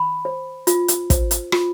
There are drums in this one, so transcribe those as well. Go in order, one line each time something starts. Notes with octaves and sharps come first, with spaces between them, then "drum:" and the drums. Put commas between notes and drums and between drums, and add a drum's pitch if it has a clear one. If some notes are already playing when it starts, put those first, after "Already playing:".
Already playing: B5
C5
F4, drum: hi-hat
drum: hi-hat
C5, drum: kick, hi-hat
drum: hi-hat
F4, drum: rim click